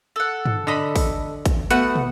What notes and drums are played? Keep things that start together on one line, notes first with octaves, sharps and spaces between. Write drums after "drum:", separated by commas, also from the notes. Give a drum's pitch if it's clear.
A4 F#5
drum: tom G2
D3 A4 D#5 B5
drum: kick, open hi-hat
drum: kick, hi-hat
A3 B3 F#4 B4 F#5, drum: hi-hat
drum: tom